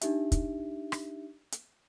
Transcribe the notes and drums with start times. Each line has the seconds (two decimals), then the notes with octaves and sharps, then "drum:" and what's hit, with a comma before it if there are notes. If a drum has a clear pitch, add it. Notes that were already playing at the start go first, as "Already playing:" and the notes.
0.01 D4 D#4 G4 E5, drum: hi-hat
0.32 drum: kick, hi-hat
0.92 drum: rim click
1.52 drum: hi-hat